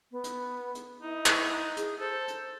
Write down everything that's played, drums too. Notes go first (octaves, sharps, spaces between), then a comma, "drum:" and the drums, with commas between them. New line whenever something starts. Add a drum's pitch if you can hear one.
B3
drum: hi-hat
drum: hi-hat
D#4 E4
drum: clap
G#4, drum: hi-hat
A4 C5
drum: hi-hat